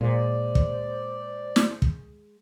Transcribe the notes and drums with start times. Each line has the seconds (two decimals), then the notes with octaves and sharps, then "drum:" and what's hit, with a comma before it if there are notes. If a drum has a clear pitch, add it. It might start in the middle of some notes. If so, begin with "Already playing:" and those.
0.01 A#2 G#3 C5 D5
0.55 drum: kick
1.56 drum: snare
1.82 drum: kick